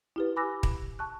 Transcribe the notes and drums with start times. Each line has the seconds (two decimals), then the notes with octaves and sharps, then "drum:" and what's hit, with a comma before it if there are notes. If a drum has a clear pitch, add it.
0.16 E4 G4 B4
0.36 G#5 B5 D6 E6 F#6 A#6
0.63 drum: kick
0.99 A5 C#6 F#6